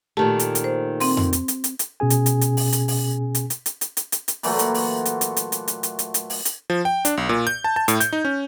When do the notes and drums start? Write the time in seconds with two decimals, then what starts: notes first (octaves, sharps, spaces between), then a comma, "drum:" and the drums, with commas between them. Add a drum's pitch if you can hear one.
0.17 A#2 D#3 A3 G4 A5
0.39 drum: hi-hat
0.55 drum: hi-hat
0.64 C5
1.00 C4 C6, drum: open hi-hat
1.17 drum: tom F2
1.33 drum: hi-hat
1.48 drum: hi-hat
1.64 drum: hi-hat
1.79 drum: hi-hat
2.00 B2 C#4 G#4 G#5
2.10 drum: hi-hat
2.26 drum: hi-hat
2.41 drum: hi-hat
2.57 drum: open hi-hat
2.72 drum: hi-hat
2.88 drum: open hi-hat
3.35 drum: hi-hat
3.50 drum: hi-hat
3.66 drum: hi-hat
3.81 drum: hi-hat
3.97 drum: hi-hat
4.12 drum: hi-hat
4.28 drum: hi-hat
4.43 A#2 E3 F#3 A3, drum: open hi-hat
4.59 drum: hi-hat
4.74 drum: open hi-hat
5.05 drum: hi-hat
5.21 drum: hi-hat
5.37 drum: hi-hat
5.52 drum: hi-hat
5.68 drum: hi-hat
5.83 drum: hi-hat
5.99 drum: hi-hat
6.14 drum: hi-hat
6.30 drum: open hi-hat
6.45 drum: hi-hat
6.70 F3
6.85 G5
7.05 D4, drum: hi-hat
7.17 B1
7.29 A#2
7.47 G6
7.64 A5
7.76 A5
7.88 A2, drum: hi-hat
8.00 G6, drum: hi-hat
8.13 D#4
8.25 C#4